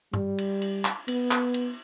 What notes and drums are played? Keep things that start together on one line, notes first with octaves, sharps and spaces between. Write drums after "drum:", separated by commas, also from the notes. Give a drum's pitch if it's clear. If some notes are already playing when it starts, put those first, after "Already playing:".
G3, drum: tom G2
drum: cymbal
drum: cymbal
drum: clap
B3, drum: cymbal
drum: clap
drum: cymbal